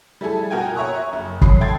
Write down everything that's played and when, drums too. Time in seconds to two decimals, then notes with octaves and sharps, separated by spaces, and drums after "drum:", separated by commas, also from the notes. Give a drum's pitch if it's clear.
0.21 G3 A3 E4 G#4 A4
0.50 B2 F#4 A#4 G5 G#5 G#6
0.75 C#5 E5 A#5 C#6 D#6 F#6
1.13 F#1
1.41 F#3 B5 D#6 C7, drum: kick
1.61 A4 E5 G5 C6 G#6 A6